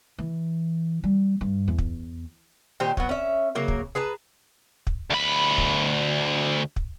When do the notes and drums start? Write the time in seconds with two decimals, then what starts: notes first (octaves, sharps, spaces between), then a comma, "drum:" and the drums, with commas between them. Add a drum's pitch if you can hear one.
0.19 E3
1.04 G3
1.41 G2
1.68 E2
1.78 drum: kick
2.80 A#2 D#3 G4 C5
2.97 F#3 B3, drum: kick
3.09 C#4 E5
3.55 C#3 F#3 A#3 A#4
3.68 drum: kick
3.95 G#4 B4 A5 A#5
4.87 drum: kick
5.10 D2 B5
5.58 drum: kick
6.76 drum: kick